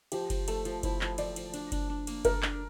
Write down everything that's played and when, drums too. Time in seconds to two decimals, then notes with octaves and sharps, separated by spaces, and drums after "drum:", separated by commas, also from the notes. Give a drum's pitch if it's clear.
0.12 F3 G4, drum: cymbal
0.30 F3, drum: kick F#1, cymbal
0.48 A3 A4, drum: cymbal
0.65 F3, drum: cymbal
0.83 E4 C5, drum: kick F#1, cymbal
1.01 F3, drum: clap
1.18 F3 D5, drum: cymbal
1.36 F3, drum: cymbal
1.54 D4, drum: cymbal
1.72 D4, drum: kick F#1, cymbal
1.90 D4
2.07 A#3, drum: cymbal
2.25 A4 A#4, drum: kick F#1, cymbal
2.43 D4, drum: clap